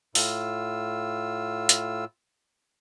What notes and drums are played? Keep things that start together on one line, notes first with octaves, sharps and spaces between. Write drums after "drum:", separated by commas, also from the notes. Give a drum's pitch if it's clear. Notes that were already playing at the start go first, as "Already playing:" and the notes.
A2 F4 E6, drum: open hi-hat
drum: hi-hat